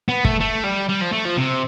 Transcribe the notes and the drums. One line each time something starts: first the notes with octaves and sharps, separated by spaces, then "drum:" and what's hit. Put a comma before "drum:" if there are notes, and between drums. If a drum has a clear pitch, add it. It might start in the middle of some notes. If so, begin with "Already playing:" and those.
B3
A3, drum: kick
A3
G3
G3
F3
A3
F3
C3